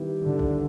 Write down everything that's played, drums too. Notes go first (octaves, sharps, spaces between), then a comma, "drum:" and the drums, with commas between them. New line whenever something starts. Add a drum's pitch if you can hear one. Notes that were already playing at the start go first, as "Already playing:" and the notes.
Already playing: D#3 G3 B3 E4 G4
D3
drum: kick